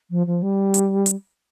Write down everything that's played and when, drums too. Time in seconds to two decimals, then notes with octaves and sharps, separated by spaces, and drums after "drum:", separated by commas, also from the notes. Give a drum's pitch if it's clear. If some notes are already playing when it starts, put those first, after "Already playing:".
0.10 F3
0.26 F3
0.42 G3
0.74 drum: hi-hat
1.06 drum: hi-hat